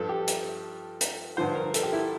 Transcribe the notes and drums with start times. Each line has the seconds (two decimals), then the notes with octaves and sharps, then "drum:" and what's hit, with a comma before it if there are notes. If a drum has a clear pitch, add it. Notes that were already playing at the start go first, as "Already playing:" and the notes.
Already playing: G2 F3 A4
0.09 G4
0.28 drum: hi-hat
1.01 drum: hi-hat
1.37 G2 D3 F3 C5
1.55 A#4
1.74 A4, drum: hi-hat
1.83 G4
1.93 E4